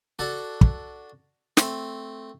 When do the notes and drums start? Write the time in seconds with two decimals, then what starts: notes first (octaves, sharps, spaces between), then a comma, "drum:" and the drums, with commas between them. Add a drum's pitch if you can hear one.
0.19 D4 F#4 A4
0.61 drum: kick
1.57 A3 C4, drum: snare